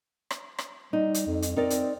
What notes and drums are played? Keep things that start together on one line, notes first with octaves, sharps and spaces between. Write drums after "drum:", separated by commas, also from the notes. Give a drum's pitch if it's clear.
drum: rim click
drum: rim click
G3 D#4
drum: hi-hat
F2
drum: hi-hat
C4 D#4 A#4 D5
drum: hi-hat